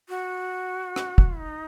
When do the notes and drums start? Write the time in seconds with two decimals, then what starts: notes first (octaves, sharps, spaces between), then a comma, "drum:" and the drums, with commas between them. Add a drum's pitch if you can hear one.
0.09 F#4
0.96 drum: rim click
1.18 drum: kick
1.39 D#4